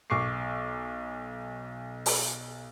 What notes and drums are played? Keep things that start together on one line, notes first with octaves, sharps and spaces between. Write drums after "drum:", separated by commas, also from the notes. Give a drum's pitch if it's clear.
B1 C#6 D6 C7
drum: open hi-hat